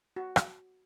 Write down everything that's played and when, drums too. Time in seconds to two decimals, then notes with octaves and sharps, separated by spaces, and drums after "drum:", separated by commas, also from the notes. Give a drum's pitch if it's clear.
0.16 F#4
0.36 drum: rim click